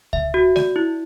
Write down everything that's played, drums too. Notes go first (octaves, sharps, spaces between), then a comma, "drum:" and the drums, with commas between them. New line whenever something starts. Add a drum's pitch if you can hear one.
E5, drum: kick C#2
F#4
D5, drum: snare A3
E4